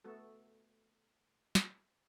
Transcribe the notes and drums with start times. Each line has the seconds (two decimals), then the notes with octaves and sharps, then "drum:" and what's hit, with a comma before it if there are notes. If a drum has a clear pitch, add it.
0.04 A3 B3 F#4 A4
1.55 drum: snare